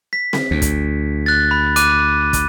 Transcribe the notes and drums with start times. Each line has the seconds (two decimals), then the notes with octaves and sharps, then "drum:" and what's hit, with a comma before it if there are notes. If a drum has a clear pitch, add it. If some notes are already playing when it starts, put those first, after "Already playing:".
0.13 B6
0.33 drum: snare C4
0.51 D2
0.62 drum: kick, hi-hat
1.26 F#6 A6
1.51 B5
1.76 D6 F#6 D#7, drum: hi-hat
2.33 drum: kick, hi-hat